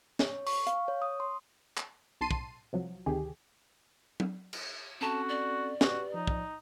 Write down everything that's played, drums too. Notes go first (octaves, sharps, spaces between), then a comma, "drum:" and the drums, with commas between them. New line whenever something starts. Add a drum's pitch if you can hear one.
C#5, drum: snare
C#6, drum: open hi-hat
F5, drum: hi-hat
C#5
D#6
C6
drum: clap
B1 A5 C6 C7 D#7
drum: kick
C2 F3 F#3
D2 C3 D#3 G4 G#4
drum: tom F#3
drum: cymbal
C4 C#4 F#4 A4 A5
D5
F#4 G4 B4, drum: snare
F3 D#4
drum: kick